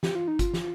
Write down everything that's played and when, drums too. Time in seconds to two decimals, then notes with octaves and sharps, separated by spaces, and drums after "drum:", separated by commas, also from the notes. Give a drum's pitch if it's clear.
0.03 G4, drum: snare
0.15 F4
0.28 D#4
0.39 F4, drum: kick G1, hi-hat
0.54 drum: snare